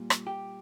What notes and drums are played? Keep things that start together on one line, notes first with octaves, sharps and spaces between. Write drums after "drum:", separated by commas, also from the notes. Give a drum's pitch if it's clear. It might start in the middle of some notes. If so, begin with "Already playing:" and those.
Already playing: A#2 G3
drum: rim click
G4